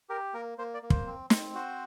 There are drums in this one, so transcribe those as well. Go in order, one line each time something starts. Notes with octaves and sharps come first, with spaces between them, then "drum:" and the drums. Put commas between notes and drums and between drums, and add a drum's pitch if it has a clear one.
G4 A#4
A#3 A#4
A#3 C5
D5
A#3
C5, drum: kick
C4
C4, drum: snare
F#4 C5